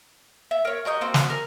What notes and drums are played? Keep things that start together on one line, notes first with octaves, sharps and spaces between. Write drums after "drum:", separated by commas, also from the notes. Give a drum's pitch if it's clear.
E5
A#4 C#5
F#4 A#4 D#5 G6
A#3 C4 F#4
drum: snare
A#4